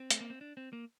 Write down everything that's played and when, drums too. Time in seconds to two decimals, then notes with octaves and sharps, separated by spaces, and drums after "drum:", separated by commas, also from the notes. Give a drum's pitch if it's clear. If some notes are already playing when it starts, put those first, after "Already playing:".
Already playing: C4
0.10 A3, drum: hi-hat
0.21 A#3
0.30 C4
0.41 D4
0.57 C4
0.73 A#3